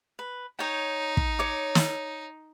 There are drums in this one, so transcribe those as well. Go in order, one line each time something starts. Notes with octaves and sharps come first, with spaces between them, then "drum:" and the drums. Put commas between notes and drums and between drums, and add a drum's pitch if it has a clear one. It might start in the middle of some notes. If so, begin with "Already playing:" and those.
B4
D#4 C#5 G5
drum: kick
C#5 D6
drum: snare